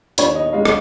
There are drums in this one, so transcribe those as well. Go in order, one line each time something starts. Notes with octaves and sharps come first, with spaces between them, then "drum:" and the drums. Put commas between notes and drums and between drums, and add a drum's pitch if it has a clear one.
D#2 C#5, drum: hi-hat
D#5
D#5
G#3 F5
drum: rim click